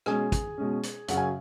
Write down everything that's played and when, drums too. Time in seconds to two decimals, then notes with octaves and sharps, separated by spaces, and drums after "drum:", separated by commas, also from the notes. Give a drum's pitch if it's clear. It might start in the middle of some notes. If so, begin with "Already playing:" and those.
0.06 B2 G#3 C#4 G#4 G#5, drum: rim click
0.32 drum: kick, hi-hat
0.58 B2 G#3 C#4
0.83 drum: hi-hat
1.08 F#2 C#3 F#3 C#4 F#5, drum: hi-hat
1.17 G#5